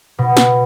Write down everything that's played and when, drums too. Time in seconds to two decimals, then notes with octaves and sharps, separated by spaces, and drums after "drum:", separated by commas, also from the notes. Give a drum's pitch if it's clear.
0.18 B2
0.37 drum: snare